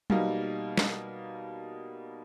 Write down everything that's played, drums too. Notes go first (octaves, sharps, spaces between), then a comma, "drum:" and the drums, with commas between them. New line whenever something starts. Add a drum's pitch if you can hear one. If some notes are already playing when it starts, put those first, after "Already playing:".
B2 G3 A#3 D#4, drum: tom F#3
drum: snare